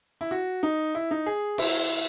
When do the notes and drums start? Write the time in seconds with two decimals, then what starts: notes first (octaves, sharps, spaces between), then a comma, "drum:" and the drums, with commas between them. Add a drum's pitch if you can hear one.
0.21 E4
0.31 F#4
0.63 D#4
0.95 E4
1.11 D#4
1.26 G#4
1.58 E4, drum: cymbal